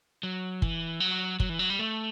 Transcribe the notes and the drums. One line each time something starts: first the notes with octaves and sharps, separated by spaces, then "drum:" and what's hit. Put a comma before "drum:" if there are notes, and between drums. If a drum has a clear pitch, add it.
F#3
E3, drum: kick
F#3
F#3, drum: kick
E3
F#3
G3
A3